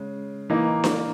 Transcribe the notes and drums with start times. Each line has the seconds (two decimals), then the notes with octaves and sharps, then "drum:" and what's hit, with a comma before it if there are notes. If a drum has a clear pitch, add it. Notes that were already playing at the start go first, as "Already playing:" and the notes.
Already playing: C#3 G#3
0.50 E3 A#3 D#4
0.84 drum: snare D4